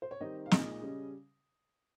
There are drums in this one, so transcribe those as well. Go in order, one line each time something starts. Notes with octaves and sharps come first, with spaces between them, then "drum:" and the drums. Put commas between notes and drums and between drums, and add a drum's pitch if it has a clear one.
C5
C#5
D#3 G3 C4 D#4 D#5
F5
A#2 G#3 D#4 D#5, drum: snare
C#3 G3 C#4